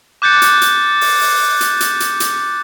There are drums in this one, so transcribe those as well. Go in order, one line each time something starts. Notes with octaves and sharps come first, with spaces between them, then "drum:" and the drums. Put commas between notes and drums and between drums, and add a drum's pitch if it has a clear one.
D6 F#6 G6 A6 C#7
drum: hi-hat
drum: hi-hat
drum: open hi-hat
drum: open hi-hat
drum: hi-hat
drum: hi-hat
drum: hi-hat
drum: hi-hat